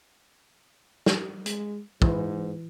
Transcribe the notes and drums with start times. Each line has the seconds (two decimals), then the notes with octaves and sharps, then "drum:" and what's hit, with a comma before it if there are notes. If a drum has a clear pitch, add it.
1.06 drum: snare
1.46 G#3, drum: hi-hat
2.02 G#2 E3, drum: kick